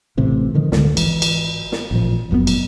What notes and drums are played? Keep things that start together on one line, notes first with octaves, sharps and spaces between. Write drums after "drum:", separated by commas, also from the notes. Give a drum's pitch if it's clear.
A1 A2 C3 E3
D3 D#3 F3
C#2 G2 D3 G#3, drum: snare
G#1 E3, drum: cymbal
drum: cymbal
drum: snare
A1 A#2 F3
F#1 F#2 B2 B3
drum: cymbal